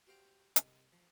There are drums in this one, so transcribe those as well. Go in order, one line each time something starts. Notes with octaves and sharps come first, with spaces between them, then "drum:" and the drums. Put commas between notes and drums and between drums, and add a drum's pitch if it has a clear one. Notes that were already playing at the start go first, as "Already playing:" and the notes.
F#4 G4 C5 F5 G5 A#5
C2 D#5, drum: hi-hat
F3